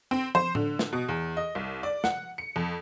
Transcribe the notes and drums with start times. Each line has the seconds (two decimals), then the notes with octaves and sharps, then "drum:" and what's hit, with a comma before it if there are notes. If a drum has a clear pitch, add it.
0.11 C4
0.35 C5, drum: tom
0.55 D3, drum: tom A2
0.79 drum: snare
0.92 B2
1.08 E2
1.37 D#5
1.55 C2
1.83 D5
2.04 F#5, drum: snare
2.38 C#7
2.56 F2